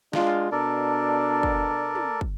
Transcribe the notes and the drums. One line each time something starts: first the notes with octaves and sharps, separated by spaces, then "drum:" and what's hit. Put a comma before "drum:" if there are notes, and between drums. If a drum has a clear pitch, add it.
G#3 D4 F4, drum: snare
B2 D4 A4 A#4 D5
drum: kick
drum: tom
drum: kick